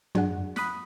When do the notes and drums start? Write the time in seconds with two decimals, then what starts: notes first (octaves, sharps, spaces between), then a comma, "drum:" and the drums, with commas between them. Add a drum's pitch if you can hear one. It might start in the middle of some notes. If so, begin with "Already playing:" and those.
0.15 F#3 D4 G#4 F#5, drum: tom
0.56 B5 D#6 F#6 B6, drum: snare